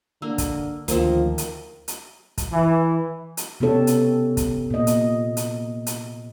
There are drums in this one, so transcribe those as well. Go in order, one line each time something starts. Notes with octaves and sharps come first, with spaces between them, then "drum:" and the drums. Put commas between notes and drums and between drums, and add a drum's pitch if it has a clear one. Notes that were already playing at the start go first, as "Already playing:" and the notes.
D3 A#3 E6
drum: kick, hi-hat
D2 D#3 F3 A#3 A#4, drum: hi-hat
drum: hi-hat
drum: hi-hat
drum: kick, hi-hat
E3
drum: hi-hat
C3 B3 C#4 G4 A4 C#5
drum: hi-hat
drum: kick, hi-hat
A#2 D#5
drum: hi-hat
drum: hi-hat
drum: hi-hat